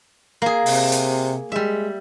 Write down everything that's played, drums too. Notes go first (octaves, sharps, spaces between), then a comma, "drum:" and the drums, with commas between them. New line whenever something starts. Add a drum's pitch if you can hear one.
A#3 G#4
C3, drum: open hi-hat
drum: hi-hat
G3 G#3 E5